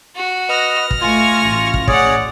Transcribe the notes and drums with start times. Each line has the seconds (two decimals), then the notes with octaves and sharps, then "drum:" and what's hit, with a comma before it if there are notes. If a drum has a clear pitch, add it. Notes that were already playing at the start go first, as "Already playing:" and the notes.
0.16 F#4
0.49 B4 D#5 F6 A#6
0.91 drum: kick
1.01 A3 F4 G#5 C#6
1.43 A1 F4
1.74 drum: kick
1.88 G#4 C#5 D5 F#5, drum: kick